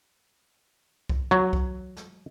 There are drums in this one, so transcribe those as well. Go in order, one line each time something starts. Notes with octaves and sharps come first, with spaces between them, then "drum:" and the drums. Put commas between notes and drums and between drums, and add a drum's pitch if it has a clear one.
drum: kick C2
F#3
drum: kick C2
drum: snare